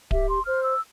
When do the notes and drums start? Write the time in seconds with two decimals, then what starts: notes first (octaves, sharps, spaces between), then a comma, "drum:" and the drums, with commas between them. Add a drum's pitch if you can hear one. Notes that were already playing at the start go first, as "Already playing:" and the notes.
0.11 G4 E5, drum: kick D1
0.29 C6
0.45 C5 F6
0.62 E6